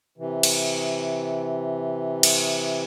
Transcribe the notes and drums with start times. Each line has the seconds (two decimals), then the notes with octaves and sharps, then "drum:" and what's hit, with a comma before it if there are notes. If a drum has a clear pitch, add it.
0.18 C3 E3
0.43 drum: cymbal
2.23 drum: cymbal